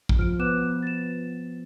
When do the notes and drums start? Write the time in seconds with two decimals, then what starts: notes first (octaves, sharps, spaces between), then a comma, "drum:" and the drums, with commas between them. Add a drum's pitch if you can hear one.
0.09 drum: kick
0.19 F3 F6 D7
0.39 B3 D6 F#6 E7
0.82 A6 E7